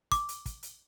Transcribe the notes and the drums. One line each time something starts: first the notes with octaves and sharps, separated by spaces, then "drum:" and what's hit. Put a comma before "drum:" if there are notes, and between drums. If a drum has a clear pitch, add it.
D6, drum: kick, hi-hat
drum: hi-hat
drum: kick, hi-hat
drum: hi-hat